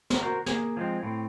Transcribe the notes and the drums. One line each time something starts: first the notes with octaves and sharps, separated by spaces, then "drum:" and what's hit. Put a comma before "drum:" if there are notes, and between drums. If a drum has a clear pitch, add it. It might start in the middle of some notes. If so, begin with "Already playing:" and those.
drum: snare
F#4 A#4 C5
A#3 G#4, drum: snare
F3 G#3 C4
A2 C4